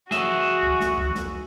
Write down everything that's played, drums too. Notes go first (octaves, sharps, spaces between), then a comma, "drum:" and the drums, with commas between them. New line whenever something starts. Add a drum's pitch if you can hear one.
F#4 G#4 E5, drum: snare
drum: kick C2
drum: snare
drum: kick C2
drum: snare